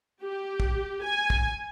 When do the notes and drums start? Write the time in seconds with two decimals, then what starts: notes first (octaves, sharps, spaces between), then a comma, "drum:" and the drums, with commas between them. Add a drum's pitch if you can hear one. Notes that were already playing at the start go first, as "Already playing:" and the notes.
0.24 G4
0.60 drum: kick
1.05 G#5
1.30 drum: kick